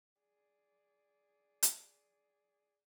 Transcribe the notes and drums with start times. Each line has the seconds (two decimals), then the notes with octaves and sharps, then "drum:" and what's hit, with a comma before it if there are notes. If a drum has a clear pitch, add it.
0.20 G#4 D5
1.63 drum: hi-hat